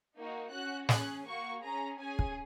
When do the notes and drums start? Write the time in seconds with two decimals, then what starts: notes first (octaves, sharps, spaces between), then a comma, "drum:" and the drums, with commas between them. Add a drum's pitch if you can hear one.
0.16 A#3 D#4 F#4
0.52 C#4 F#4 F#6
0.89 C#4 G#4 F#6, drum: snare
1.26 A#3 F#4 C#6
1.62 C#4 G#4 A#5
1.99 C#4 G#4 G#5
2.19 drum: kick